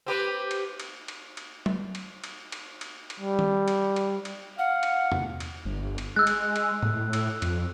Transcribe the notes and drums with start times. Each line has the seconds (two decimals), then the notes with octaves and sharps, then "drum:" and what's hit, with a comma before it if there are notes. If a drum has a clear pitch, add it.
0.06 C4 G4 B4
0.51 drum: cymbal
0.80 drum: cymbal
1.08 drum: cymbal
1.37 drum: cymbal
1.66 drum: tom
1.95 drum: cymbal
2.24 drum: cymbal
2.52 drum: cymbal
2.81 drum: cymbal
3.10 drum: cymbal
3.20 G3
3.39 drum: tom D#3
3.68 drum: cymbal
3.96 drum: cymbal
4.25 drum: cymbal
4.58 F5 F#5
4.83 drum: cymbal
5.12 drum: tom
5.40 drum: cymbal
5.65 G1
5.98 drum: cymbal
6.16 G#3 E6 F#6
6.27 drum: cymbal
6.56 drum: cymbal
6.83 A2, drum: tom G#2
7.13 drum: cymbal
7.42 F2, drum: cymbal